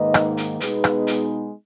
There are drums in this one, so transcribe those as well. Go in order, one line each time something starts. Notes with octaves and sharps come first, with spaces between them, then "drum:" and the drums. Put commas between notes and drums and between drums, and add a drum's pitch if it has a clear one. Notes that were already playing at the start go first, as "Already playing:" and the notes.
Already playing: G#2 D#3 A#3 B4 D#5
drum: rim click
drum: hi-hat
B2 G#3 B3 D#4 G#4 B4, drum: hi-hat
drum: rim click
drum: hi-hat